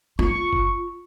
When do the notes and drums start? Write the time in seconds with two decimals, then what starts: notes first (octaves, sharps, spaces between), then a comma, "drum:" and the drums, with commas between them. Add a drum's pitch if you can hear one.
0.19 F4 C#6
0.53 drum: kick F#1